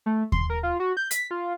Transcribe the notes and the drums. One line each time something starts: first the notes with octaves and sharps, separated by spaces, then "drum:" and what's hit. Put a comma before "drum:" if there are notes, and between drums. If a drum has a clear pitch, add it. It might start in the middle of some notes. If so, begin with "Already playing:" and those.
A3
C6, drum: kick D#2
A#4
F4
F#4
G6
B6, drum: hi-hat
F4